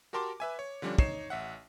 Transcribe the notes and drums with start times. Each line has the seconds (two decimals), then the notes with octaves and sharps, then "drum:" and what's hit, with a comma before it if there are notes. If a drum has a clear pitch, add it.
0.13 F#4 G4 A#4 A5 C6 D6
0.40 B4 E5 G#5
0.59 C#5
0.82 D3 F3 G3 C#4 D4
0.98 D#4 C#5 C7 E7, drum: kick
1.30 A1 E5 F#5